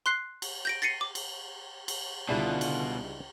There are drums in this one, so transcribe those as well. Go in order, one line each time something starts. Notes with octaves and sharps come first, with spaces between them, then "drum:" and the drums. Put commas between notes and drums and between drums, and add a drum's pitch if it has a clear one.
C6 F#6 C7
drum: cymbal
G6 A#6 D7
A6 A#6 C7 C#7 D#7
D6
drum: cymbal
drum: cymbal
C#2 B2 D3 G3 D4 E4 F4 G#4
drum: cymbal